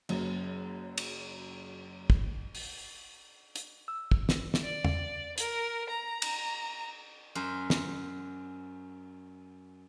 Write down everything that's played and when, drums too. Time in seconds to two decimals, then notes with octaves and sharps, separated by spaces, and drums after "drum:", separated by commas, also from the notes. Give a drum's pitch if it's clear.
0.09 F#1 F#2, drum: cymbal
0.98 drum: cymbal
2.10 drum: kick
2.55 drum: open hi-hat
3.56 drum: hi-hat
3.88 E6
4.11 drum: kick
4.29 drum: snare
4.54 drum: snare
4.64 D5
4.85 drum: tom
5.38 A#4, drum: hi-hat
5.90 A#5
6.22 drum: cymbal
7.35 F#2 C5
7.70 drum: snare